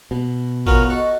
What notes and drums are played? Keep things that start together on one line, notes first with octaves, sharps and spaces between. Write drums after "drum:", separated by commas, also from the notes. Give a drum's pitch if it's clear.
B2
B3 C#4 F4 F#4 A#4, drum: kick A1
F#4 A4 D#5